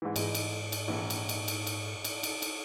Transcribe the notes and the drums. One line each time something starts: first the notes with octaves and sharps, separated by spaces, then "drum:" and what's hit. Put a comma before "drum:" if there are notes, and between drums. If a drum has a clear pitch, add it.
G#2 E3
G#2 E3 G#3 D#4, drum: cymbal
drum: cymbal
drum: cymbal
A#1 E3
drum: cymbal
drum: cymbal
drum: cymbal
drum: cymbal
drum: cymbal
drum: cymbal
drum: cymbal